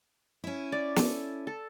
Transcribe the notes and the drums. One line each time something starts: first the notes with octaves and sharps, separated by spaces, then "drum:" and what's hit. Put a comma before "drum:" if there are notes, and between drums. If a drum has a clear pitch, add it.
C#4 E4
D5
A4, drum: snare
A4